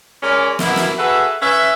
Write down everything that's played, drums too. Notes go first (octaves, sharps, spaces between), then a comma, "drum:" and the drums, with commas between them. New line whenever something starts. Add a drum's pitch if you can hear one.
G#3 C#4 A#4 C#5 D5
F#2 B2 A#3 E4, drum: snare
drum: snare
F#4 G#4 A4 B4 E5
C#4 B4 E5